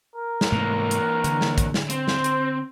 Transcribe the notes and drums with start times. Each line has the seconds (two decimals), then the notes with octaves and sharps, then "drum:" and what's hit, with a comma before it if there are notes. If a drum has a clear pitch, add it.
0.16 A#4
0.41 drum: snare
0.52 G#2 C3 E3 A3 A#3
0.91 drum: hi-hat
1.24 D3, drum: hi-hat
1.41 drum: snare
1.58 drum: kick, hi-hat
1.74 drum: snare
1.90 C4 C5, drum: hi-hat
2.08 drum: snare
2.24 drum: hi-hat